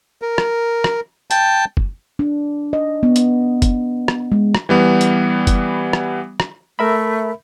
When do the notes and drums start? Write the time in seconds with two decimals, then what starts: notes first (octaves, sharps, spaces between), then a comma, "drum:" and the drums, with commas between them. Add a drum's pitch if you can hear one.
0.22 A#4
0.38 drum: rim click
0.84 drum: rim click
1.31 G5 A5, drum: hi-hat
1.77 drum: kick F#1
2.19 D4
2.73 D#5
3.03 B3
3.16 drum: hi-hat
3.62 drum: kick F#1, hi-hat
4.08 drum: rim click
4.32 G#3
4.55 drum: rim click
4.69 E3 G3 B3
5.01 drum: hi-hat
5.47 drum: kick F#1, hi-hat
5.93 drum: rim click
6.40 drum: rim click
6.79 A3 A#4 E5 B5